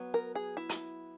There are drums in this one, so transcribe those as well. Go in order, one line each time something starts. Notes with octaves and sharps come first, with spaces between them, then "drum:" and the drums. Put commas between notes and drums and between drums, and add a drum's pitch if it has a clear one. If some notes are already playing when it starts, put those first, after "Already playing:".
Already playing: F#3 B3
A#4
G#4
E4
drum: hi-hat